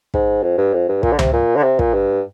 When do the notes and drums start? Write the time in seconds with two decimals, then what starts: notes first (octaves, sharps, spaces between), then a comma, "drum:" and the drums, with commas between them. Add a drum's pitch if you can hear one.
0.14 G#2, drum: kick
0.43 F2
0.58 G2
0.74 F2
0.89 G2
1.03 A#2, drum: kick
1.13 D3
1.19 C3, drum: tom C#2
1.33 A#2
1.56 D3
1.63 C3
1.79 A#2, drum: kick
1.94 G2